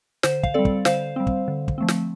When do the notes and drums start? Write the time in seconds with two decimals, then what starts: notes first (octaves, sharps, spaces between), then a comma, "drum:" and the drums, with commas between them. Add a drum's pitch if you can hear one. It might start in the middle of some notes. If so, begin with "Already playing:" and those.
0.23 D3 C5, drum: snare
0.43 F5, drum: kick
0.54 G3 C4 A4 D5
0.65 drum: kick
0.85 D3 C5 F5, drum: snare
1.16 G3 C4
1.27 drum: kick
1.48 D3
1.68 drum: kick
1.78 F3 A3 C4
1.88 drum: snare